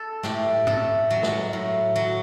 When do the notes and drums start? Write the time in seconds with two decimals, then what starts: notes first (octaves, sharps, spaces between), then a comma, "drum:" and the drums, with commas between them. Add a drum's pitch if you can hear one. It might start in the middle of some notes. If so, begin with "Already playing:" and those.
Already playing: A4
0.23 A2 G4, drum: snare
0.67 A2 A4, drum: tom G#2
1.11 F#3
1.23 drum: snare
1.53 A2
1.96 F#3